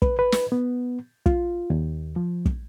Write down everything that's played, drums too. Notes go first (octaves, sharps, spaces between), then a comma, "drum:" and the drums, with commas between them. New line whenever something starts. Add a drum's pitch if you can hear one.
B4, drum: kick
B4
drum: snare
B3
F4, drum: kick
D#2
F3
drum: kick